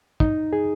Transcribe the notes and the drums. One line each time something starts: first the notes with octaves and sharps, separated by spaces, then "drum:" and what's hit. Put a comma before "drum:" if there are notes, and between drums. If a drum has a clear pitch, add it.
D#4, drum: kick
G#4